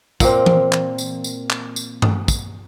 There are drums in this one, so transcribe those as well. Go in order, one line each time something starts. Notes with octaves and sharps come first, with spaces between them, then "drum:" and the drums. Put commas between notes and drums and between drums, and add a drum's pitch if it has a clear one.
A#2 A#3 C4, drum: kick, tambourine
drum: tom E3
drum: clap
drum: tambourine
drum: tambourine
drum: clap
drum: tambourine
drum: tom G2
drum: kick, tambourine